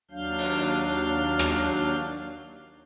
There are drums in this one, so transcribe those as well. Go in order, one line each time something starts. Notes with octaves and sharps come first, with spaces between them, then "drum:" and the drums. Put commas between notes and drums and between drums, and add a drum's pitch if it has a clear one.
D#2 F#3 D4 F5 G6
drum: open hi-hat
drum: rim click